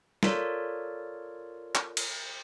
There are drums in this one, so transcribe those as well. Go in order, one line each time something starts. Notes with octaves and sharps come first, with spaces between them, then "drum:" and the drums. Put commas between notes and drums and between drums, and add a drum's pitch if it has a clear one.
F4 A4 A#4 C#5 D5, drum: snare
drum: clap
drum: cymbal